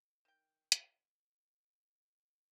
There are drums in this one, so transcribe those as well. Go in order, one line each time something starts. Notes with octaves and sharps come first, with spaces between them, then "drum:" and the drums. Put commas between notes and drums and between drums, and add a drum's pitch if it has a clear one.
D#3 G5
drum: hi-hat